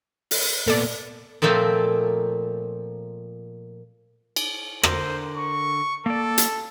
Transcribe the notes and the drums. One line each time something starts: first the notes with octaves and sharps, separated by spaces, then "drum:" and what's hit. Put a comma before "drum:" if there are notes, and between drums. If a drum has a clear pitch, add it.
drum: open hi-hat
A#2 B3 A4 D5
A#2 F3 A3 A#3 C4
drum: cymbal
D3 A#4 C5, drum: rim click
C#6
A#3 A4 D5
drum: hi-hat